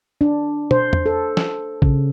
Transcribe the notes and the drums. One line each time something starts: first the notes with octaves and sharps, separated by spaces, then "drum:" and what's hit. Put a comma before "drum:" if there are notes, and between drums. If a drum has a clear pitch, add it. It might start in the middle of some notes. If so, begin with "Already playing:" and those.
D4
C5, drum: tom
drum: tom
A4
drum: snare
C#3, drum: kick